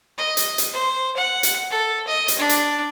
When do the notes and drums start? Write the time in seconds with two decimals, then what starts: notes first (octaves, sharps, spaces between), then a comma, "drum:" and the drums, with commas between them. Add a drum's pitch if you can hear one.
0.18 D#5
0.37 drum: hi-hat
0.58 drum: hi-hat
0.73 C5
1.16 F#5
1.43 drum: hi-hat
1.70 A4
2.07 D#5
2.28 drum: hi-hat
2.39 D4
2.49 drum: hi-hat